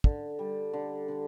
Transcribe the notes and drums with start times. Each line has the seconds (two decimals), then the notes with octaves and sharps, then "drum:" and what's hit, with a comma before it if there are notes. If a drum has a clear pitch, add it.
0.04 D3, drum: kick
0.39 G3
0.73 D3
1.08 D3